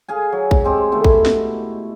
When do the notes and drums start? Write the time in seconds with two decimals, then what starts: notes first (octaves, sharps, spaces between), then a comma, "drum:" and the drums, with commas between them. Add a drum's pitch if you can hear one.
0.08 G#4 F5 G#5
0.32 F#3
0.51 drum: kick A#1
0.65 G#3 C4 G4
0.92 B2 D#3 A3
1.04 E4, drum: kick A#1
1.26 drum: snare